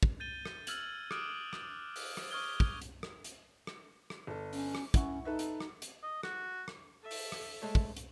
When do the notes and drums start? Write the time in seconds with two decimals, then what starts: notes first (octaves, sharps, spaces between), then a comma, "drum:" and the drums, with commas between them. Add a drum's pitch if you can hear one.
0.03 drum: kick
0.20 G6 A6 D#7 G7
0.45 drum: rim click
0.67 E6 F6 G#6 F#7, drum: hi-hat
1.11 D6 D#6 F6 F#6 D7, drum: rim click
1.53 drum: rim click
1.96 drum: open hi-hat
2.17 drum: rim click
2.31 C#6 D#6 F6 G#6 G7
2.60 drum: kick
2.82 drum: hi-hat
3.03 drum: rim click
3.24 drum: hi-hat
3.67 drum: rim click
4.10 drum: rim click
4.27 G1 A4
4.53 C#4, drum: open hi-hat
4.75 drum: rim click
4.94 C#4 E4 F#5 C#6, drum: kick, hi-hat
5.25 D#4 A4 B4 E5
5.39 drum: hi-hat
5.60 drum: rim click
5.82 drum: hi-hat
6.03 D#5
6.23 F#4, drum: rim click
6.68 drum: rim click
7.01 A4 E5
7.11 drum: open hi-hat
7.32 drum: rim click
7.62 G#3 A3 C#5
7.75 drum: kick
7.97 drum: hi-hat